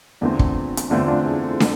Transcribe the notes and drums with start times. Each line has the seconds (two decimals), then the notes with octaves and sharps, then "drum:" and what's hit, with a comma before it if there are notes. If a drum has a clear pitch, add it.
0.21 E2 D3 A3 C4 D4 F4
0.39 drum: kick
0.77 drum: hi-hat
0.90 E2 D3 A3 C4 D4 F4
1.08 D4 F4
1.26 E4 G#4
1.43 A4 C5
1.60 A4, drum: snare